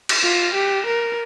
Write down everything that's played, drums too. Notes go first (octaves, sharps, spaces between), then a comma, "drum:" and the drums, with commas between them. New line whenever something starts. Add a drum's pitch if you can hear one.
drum: cymbal
F4
G4
A#4